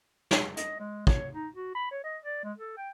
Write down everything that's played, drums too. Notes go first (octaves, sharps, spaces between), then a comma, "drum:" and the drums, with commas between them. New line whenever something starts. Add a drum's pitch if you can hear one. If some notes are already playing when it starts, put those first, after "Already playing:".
drum: snare
D#5, drum: hi-hat
G#3
C#5, drum: kick
D#4
F#4
B5
C#5
D#5
D5
G#3
A4
G5